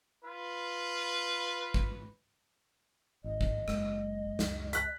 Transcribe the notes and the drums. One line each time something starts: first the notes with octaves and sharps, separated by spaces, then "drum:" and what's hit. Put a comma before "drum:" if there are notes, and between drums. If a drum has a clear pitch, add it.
F4 B4
drum: kick
G#1 D#5
drum: kick
F#1 F#2 G#3 A#3, drum: rim click
C#2, drum: snare
F#6 B6, drum: hi-hat